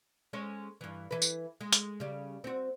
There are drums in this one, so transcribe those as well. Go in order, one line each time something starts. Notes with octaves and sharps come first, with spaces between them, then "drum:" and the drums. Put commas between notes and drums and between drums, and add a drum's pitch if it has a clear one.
G#3 C#4 C#5
G2 E3
E3 B4
drum: tambourine
G#3
drum: hi-hat
C#3 G3
C4 F#4